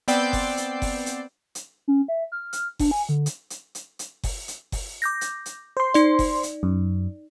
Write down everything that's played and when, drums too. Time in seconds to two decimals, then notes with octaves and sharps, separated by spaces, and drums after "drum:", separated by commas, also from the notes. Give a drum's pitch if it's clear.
0.08 B3 C4 D5 G5 E6 C7, drum: hi-hat
0.33 drum: kick F#1, open hi-hat
0.57 drum: hi-hat
0.82 drum: kick F#1, open hi-hat
1.06 drum: hi-hat
1.55 drum: hi-hat
1.88 C#4
2.08 E5
2.32 F6
2.53 drum: hi-hat
2.79 D4, drum: kick F#1, open hi-hat
2.91 G#5
3.09 D3
3.26 drum: hi-hat
3.50 drum: hi-hat
3.75 drum: hi-hat
3.99 drum: hi-hat
4.24 drum: kick F#1, open hi-hat
4.48 drum: hi-hat
4.72 drum: kick F#1, open hi-hat
5.02 D6 G6 A#6
5.21 drum: hi-hat
5.46 drum: hi-hat
5.77 C5 C6
5.94 D#4 D5, drum: hi-hat
6.19 drum: kick F#1, open hi-hat
6.43 drum: hi-hat
6.63 F#2